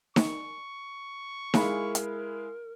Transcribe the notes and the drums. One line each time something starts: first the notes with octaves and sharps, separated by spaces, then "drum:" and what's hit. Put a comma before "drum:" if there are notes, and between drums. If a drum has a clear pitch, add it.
C#6, drum: snare D#4
G#3 E4 G#4 A#4 F5 B5, drum: snare D#4
drum: hi-hat